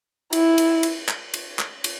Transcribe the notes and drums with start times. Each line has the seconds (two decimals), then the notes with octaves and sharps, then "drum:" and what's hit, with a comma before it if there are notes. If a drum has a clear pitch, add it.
0.33 E4, drum: cymbal
0.58 drum: cymbal
0.83 drum: cymbal
1.08 drum: clap
1.34 drum: cymbal
1.59 drum: clap
1.84 drum: cymbal